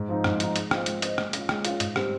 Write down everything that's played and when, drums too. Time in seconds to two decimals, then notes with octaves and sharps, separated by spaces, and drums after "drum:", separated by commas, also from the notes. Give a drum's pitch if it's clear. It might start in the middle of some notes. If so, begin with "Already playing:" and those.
Already playing: G#2
0.09 F3 C4 D#4
0.24 G#2, drum: rim click
0.40 F3 C4 D#4, drum: hi-hat
0.56 G#3, drum: hi-hat
0.71 C4 F4 C5 D#5, drum: rim click
0.86 G#3, drum: hi-hat
1.02 C4 F4 C5 D#5, drum: hi-hat
1.18 G#3, drum: rim click
1.33 C#4 F4, drum: hi-hat
1.49 G#3, drum: rim click
1.65 C#4 F4, drum: hi-hat
1.80 G#2, drum: hi-hat
1.96 G3 C4, drum: rim click